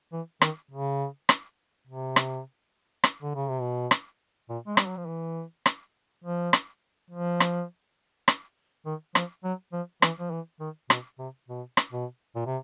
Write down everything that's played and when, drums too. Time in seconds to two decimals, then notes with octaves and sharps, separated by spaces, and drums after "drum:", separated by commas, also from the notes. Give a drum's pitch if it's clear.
0.13 E3
0.41 D#3, drum: rim click
0.71 C#3
1.29 drum: rim click
1.87 C3
2.16 drum: rim click
3.04 drum: rim click
3.23 D3
3.35 C#3
3.49 C3
3.61 B2
3.91 drum: rim click
4.49 A#2
4.67 G#3
4.77 G3, drum: rim click
4.87 F#3
4.97 F3
5.07 E3
5.66 drum: rim click
6.24 F3
6.53 drum: rim click
7.11 F3
7.40 drum: rim click
8.28 drum: rim click
8.86 D#3
9.15 F3, drum: rim click
9.44 F#3
9.73 F3
10.02 E3, drum: rim click
10.20 F3
10.32 E3
10.60 D#3
10.90 B2, drum: rim click
11.19 C3
11.49 B2
11.77 drum: rim click
11.92 B2
12.36 A#2
12.46 C3